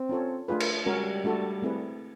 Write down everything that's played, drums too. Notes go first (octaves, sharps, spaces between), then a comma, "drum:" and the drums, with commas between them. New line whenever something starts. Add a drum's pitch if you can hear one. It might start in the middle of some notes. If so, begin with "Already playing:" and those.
Already playing: C4
C#4 F4 A4 C#5
A3 D4 F4 G#4 B4
drum: cymbal
G3 G#3 C#4 F#4 A#4
A3 D4 F#4 A4
A3 C4 E4 G#4 B4